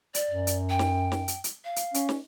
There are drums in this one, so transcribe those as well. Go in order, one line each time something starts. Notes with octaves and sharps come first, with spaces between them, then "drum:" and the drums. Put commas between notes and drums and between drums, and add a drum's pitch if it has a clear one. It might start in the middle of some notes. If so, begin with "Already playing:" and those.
D5, drum: hi-hat
F#2
drum: hi-hat
G5
drum: snare
drum: snare
drum: hi-hat
drum: hi-hat
F5
drum: hi-hat
C#4, drum: hi-hat
drum: snare